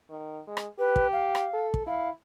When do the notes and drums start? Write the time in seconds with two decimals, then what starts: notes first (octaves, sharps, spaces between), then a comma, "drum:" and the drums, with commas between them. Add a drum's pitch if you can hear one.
0.10 D#3
0.48 G#3
0.57 drum: rim click
0.79 G4 B4
0.96 drum: kick
1.13 F5
1.35 drum: rim click
1.54 A4
1.74 drum: kick
1.87 E4 F5